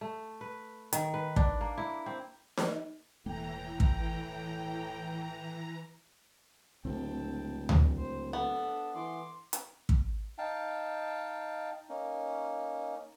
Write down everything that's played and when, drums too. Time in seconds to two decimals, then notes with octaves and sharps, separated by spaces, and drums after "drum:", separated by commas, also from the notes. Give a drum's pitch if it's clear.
0.01 A3
0.41 B4
0.93 D#3, drum: hi-hat
1.14 B4
1.36 D4, drum: kick
1.61 A#3
1.78 E4
2.06 C4
2.57 drum: snare D#4
3.26 E1 A2 E3 A#3 G5 A#5
3.80 drum: kick
6.85 D1 C#2 D3 C4 G5 A5
7.69 drum: tom D2
7.97 C5
8.33 B3 D4 A4
8.95 E3 C6 D6
9.53 drum: hi-hat
9.89 drum: kick
10.38 D#4 F5 G5 A5
11.89 A#3 C#4 D#4